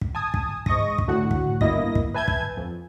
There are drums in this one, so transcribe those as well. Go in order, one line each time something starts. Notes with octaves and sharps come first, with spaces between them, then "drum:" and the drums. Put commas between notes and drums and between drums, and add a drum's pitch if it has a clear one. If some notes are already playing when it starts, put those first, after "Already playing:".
drum: kick
G#5 A5 D#6
drum: kick
G#2 D#5 C#6 D#6 A#6, drum: kick
drum: kick
A2 D3 F#4 F#5
drum: kick
G1 A#3 E4 D#5 A#6, drum: kick
drum: kick
B4 E5 G#5 A5 G6 G#6
drum: kick
F2